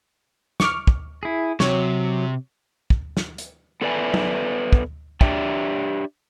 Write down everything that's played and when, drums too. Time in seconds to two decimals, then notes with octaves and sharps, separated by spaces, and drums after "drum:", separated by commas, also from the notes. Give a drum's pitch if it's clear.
0.60 C#6 D6 F6, drum: snare
0.87 drum: kick
1.23 E4 G#4
1.60 C3 F#3 C#5, drum: snare
2.90 drum: kick
3.17 drum: snare
3.38 drum: hi-hat
3.81 B3 A4 B4 D5 E5 G#5
4.14 drum: tom F#3
4.73 drum: kick
5.21 D4 G4 D5 E5 G5, drum: kick